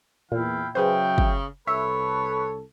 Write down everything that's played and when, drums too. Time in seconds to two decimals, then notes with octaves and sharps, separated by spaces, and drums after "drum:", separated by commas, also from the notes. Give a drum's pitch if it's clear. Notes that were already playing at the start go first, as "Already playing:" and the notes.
0.32 E2 A#2 E3 E4 F5 G5
0.75 C#3 F#3 G#4 B4 C5 E5 G5
1.18 drum: kick
1.67 C2 A4 B4 C#5 E5